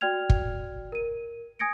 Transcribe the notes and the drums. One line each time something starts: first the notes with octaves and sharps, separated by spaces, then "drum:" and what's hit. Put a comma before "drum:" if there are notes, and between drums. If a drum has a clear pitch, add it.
F#4 D5 G5 F6 G#6 F7
drum: kick
A#4 D#7
G#5 D#6 G#6 A#6 C#7 D7